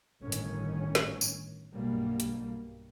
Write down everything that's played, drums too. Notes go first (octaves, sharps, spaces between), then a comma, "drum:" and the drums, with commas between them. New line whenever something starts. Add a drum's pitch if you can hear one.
G1 A2 D#3 C#4
drum: hi-hat
drum: snare
drum: tambourine
B1 G2 B2 G3 A#3
drum: hi-hat